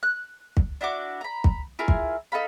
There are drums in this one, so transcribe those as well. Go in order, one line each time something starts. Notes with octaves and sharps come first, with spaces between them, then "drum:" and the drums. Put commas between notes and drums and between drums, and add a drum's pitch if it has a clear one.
F#6
drum: kick
D4 E4 F#4 D6
A#5 B5
drum: kick
E4 F4 G#4 A#4
drum: kick
D#4 A4 F5 B5